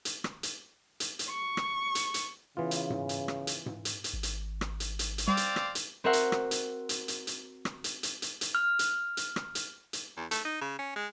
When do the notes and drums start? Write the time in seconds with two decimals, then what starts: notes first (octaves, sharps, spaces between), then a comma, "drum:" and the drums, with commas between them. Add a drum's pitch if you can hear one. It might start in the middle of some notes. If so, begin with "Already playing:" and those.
0.05 drum: hi-hat
0.24 drum: rim click
0.43 drum: hi-hat
1.00 drum: hi-hat
1.19 drum: hi-hat
1.30 C#6
1.57 drum: rim click
1.95 drum: hi-hat
2.14 drum: hi-hat
2.57 C#3 E3 B3 F4
2.71 drum: hi-hat
2.90 drum: tom G#2
3.09 drum: hi-hat
3.28 drum: rim click
3.47 drum: hi-hat
3.66 drum: tom G#2
3.85 drum: hi-hat
4.04 drum: hi-hat
4.13 G#1
4.23 drum: hi-hat
4.61 drum: rim click
4.80 drum: hi-hat
4.99 drum: hi-hat
5.18 drum: hi-hat
5.28 G3 C4 D5 F5
5.37 drum: hi-hat
5.56 drum: rim click
5.75 drum: hi-hat
6.04 C4 F#4 A#4 E5 F#5 C6
6.13 drum: hi-hat
6.32 drum: rim click
6.51 drum: hi-hat
6.89 drum: hi-hat
7.08 drum: hi-hat
7.27 drum: hi-hat
7.65 drum: rim click
7.84 drum: hi-hat
8.03 drum: hi-hat
8.22 drum: hi-hat
8.41 drum: hi-hat
8.55 F6
8.79 drum: hi-hat
9.17 drum: hi-hat
9.36 drum: rim click
9.55 drum: hi-hat
9.93 drum: hi-hat
10.17 E2
10.31 A3, drum: hi-hat
10.45 D#4
10.61 C#3
10.79 C#4
10.96 G#3